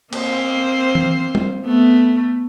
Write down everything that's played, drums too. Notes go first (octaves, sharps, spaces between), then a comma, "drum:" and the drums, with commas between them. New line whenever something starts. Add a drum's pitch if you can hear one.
A#3 C4 C5, drum: cymbal
drum: tom E3
drum: tom G3
A3 B3